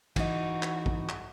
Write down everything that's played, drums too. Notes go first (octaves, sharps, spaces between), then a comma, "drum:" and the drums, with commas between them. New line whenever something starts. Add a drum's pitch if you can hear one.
E3 D#4 F#4, drum: kick, cymbal
drum: clap
drum: kick
drum: clap